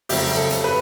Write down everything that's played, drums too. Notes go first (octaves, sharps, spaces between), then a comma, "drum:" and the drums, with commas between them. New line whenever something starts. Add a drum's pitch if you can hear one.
F2 C#3 F#3 A3 C4 G4, drum: open hi-hat
A4
drum: hi-hat
B4